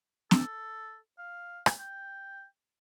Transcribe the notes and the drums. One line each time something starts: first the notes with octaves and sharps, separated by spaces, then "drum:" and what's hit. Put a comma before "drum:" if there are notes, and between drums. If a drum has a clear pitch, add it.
A4, drum: snare
F5
drum: rim click
G5